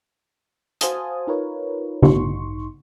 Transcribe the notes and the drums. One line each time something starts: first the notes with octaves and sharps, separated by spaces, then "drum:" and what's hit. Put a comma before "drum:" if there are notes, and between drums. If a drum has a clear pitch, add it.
F#4 C5 F5 G#5 A5 D#6, drum: hi-hat
D#4 F4 A#4 B4 C#5
A1 G2 D#4 C6 C#6, drum: tom